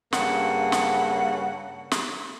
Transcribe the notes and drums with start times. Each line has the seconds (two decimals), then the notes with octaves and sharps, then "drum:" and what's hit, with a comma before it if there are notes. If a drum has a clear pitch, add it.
0.13 G2 C#3 A#3 F#5, drum: snare
0.72 drum: snare
1.91 drum: snare